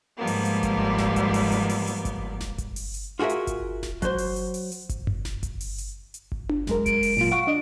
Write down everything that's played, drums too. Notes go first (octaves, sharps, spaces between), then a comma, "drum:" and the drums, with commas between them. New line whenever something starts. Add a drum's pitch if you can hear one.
G#2 F3 G3 A#3 B3
drum: open hi-hat
drum: hi-hat
drum: kick G1, hi-hat
drum: snare D#1
drum: kick G1, hi-hat
drum: open hi-hat
drum: hi-hat
drum: open hi-hat
drum: hi-hat
drum: kick G1, hi-hat
drum: snare D#1
drum: kick G1, hi-hat
drum: open hi-hat
drum: hi-hat
F4 F#4 G#4 A#4 E5
drum: hi-hat
drum: kick G1, hi-hat
drum: snare D#1
F#3 C5, drum: kick G1, hi-hat
drum: open hi-hat
drum: hi-hat
drum: open hi-hat
drum: hi-hat
drum: kick G1, hi-hat
drum: tom F#2
drum: snare D#1
drum: kick G1, hi-hat
drum: open hi-hat
drum: hi-hat
drum: hi-hat
drum: kick G1
drum: tom D4
F#2 G#3 A#4, drum: snare D#1
D7, drum: kick G1, hi-hat
drum: open hi-hat
A#2 F#3 F4
F5 F#5 C#6
D4 D#5